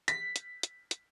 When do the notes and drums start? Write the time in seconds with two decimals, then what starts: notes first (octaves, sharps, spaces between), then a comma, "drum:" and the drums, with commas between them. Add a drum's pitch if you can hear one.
0.08 B6, drum: hi-hat
0.36 drum: hi-hat
0.63 drum: hi-hat
0.91 drum: hi-hat